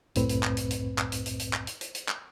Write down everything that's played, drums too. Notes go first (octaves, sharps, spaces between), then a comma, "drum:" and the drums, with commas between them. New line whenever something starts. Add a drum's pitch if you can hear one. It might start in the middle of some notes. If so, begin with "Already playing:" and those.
C2 F#2 A2 C4 B4, drum: hi-hat
drum: hi-hat
drum: clap
drum: hi-hat
drum: hi-hat
drum: clap
drum: hi-hat
drum: hi-hat
drum: hi-hat
drum: clap
drum: hi-hat
drum: hi-hat
drum: hi-hat
drum: clap